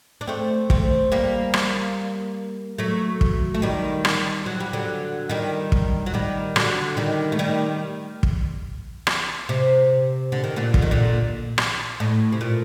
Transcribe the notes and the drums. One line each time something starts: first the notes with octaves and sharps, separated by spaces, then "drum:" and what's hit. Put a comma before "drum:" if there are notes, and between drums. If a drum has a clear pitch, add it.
D4
A3 C4
A3 C4, drum: kick
G3 A#3
drum: rim click
F#3 A3
drum: kick
A3
D#3 G3
drum: rim click
F#3
G3
D3 F#3
D#3 G3
drum: kick
F#3
D#3 G3
D3 F#3, drum: rim click
D#3 G3
A3
D#3 G3
drum: kick
drum: rim click
C3
D3
D#3
A#2 D3
D3, drum: kick
D#3
A#2 D3
drum: rim click
A2
C3
A#2